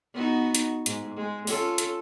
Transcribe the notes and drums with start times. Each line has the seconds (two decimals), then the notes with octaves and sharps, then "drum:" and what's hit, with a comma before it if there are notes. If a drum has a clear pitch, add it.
0.14 B3 D#4 F#4
0.55 drum: hi-hat
0.86 G#2, drum: hi-hat
1.17 G#3
1.47 C#4 F4 A4, drum: open hi-hat
1.78 drum: hi-hat